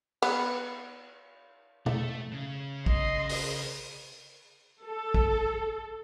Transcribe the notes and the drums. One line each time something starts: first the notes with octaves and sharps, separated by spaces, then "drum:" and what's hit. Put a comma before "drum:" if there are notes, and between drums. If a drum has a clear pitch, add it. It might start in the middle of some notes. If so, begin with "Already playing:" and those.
B3, drum: cymbal
A3, drum: tom
C#3
D#5 C6, drum: kick
drum: open hi-hat
A4
drum: kick